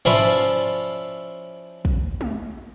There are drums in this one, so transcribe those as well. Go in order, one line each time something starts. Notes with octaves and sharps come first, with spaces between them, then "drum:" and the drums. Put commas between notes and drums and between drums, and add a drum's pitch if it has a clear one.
F3 C#4 E4 C5 D5 E5, drum: tom G#2
drum: kick
drum: tom G#3